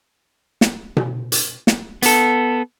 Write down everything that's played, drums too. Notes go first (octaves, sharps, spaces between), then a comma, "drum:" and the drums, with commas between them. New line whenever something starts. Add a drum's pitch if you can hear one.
drum: snare
drum: tom B2
drum: hi-hat
drum: snare
B3 A4, drum: hi-hat